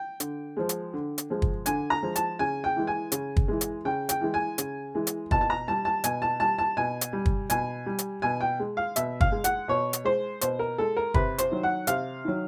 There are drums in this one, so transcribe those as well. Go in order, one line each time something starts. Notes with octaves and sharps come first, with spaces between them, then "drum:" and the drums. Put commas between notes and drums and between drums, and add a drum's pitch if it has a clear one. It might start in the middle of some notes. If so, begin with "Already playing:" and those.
Already playing: G5
D3, drum: hi-hat
F3 G#3
drum: hi-hat
D3
drum: hi-hat
F3 G#3
drum: kick
D3 G#5, drum: hi-hat
A#5
F3 G#3
A5, drum: hi-hat
C#3 G#5
G5
E3 G#3
G#5
C#3, drum: hi-hat
drum: kick
E3 G#3
drum: hi-hat
C#3 G5
G5, drum: hi-hat
E3 G#3
G#5
C#3, drum: hi-hat
E3 G#3
drum: hi-hat
B2 A5, drum: kick
A5
A#5
G3 A5
A5
B2 G#5, drum: hi-hat
A5
G3 A5
A5
B2 G#5
drum: hi-hat
G3
drum: kick
B2 G#5, drum: hi-hat
G3
drum: hi-hat
B2 G#5
G5
G#3
F5
B2 E5, drum: hi-hat
F5, drum: kick
G#3
F#5, drum: hi-hat
B2 C#5
drum: hi-hat
G#3 C5
B2 C5, drum: hi-hat
A#4
G#3 A4
A#4
C3 B4, drum: kick
C5, drum: hi-hat
D#3 F#3
F#5
C3 F5, drum: hi-hat
D#3 F#3